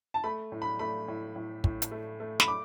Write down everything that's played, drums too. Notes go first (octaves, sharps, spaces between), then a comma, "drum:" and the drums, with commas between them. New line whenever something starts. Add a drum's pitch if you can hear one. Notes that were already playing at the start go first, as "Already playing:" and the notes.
A5
A3 B5
A2
B5
A3 B5
A2
A2
A2, drum: kick
drum: hi-hat
A3
A3
B5, drum: snare
D6